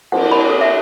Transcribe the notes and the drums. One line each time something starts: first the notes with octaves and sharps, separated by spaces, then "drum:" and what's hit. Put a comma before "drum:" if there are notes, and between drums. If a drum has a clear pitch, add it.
F#5, drum: cymbal
B5
A4
E5